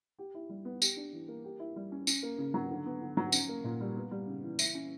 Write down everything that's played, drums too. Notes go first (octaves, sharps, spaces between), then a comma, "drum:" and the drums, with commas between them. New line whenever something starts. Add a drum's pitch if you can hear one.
G4
E4
G3
B3
G4, drum: tambourine
D4
E3
A#3
G4
E4
G3
C#4
C#4, drum: tambourine
A#3
C#3
F#3
D3
B3
D3
F#3
C#4, drum: tambourine
A#3
A#2
G3
B3
G3
C#3
E3
E4, drum: tambourine
C#4